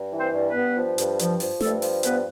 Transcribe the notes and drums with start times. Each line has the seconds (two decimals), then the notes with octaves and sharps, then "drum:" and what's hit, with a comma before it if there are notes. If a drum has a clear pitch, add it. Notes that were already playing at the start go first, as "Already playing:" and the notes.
Already playing: G2
0.12 E3
0.20 C4 C5
0.34 G2
0.48 B3 B4
0.55 G2
0.76 F3
0.98 G2, drum: hi-hat
1.19 F3, drum: hi-hat
1.40 F3, drum: open hi-hat
1.61 G2 A3 A4, drum: snare
1.82 F3, drum: open hi-hat
2.03 G2 B3 B4, drum: hi-hat